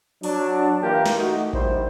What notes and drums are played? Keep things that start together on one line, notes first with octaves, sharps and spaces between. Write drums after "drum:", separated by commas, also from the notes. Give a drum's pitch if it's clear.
F#3 D4, drum: open hi-hat
E3 A#3 F4 G4 A#4
drum: snare
A3 D#4 F#4
A#1 D#3 G3 E4 C5, drum: kick A1